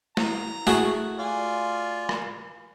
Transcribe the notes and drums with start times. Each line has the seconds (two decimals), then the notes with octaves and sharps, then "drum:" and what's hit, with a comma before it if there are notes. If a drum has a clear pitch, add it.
0.17 A#5, drum: snare
0.67 A3 F#4 G#4, drum: snare
1.19 F4 D5 G#5
2.09 drum: rim click